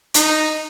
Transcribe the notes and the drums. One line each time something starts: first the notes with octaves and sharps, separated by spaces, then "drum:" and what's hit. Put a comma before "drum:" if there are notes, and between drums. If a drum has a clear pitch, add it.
D#4, drum: hi-hat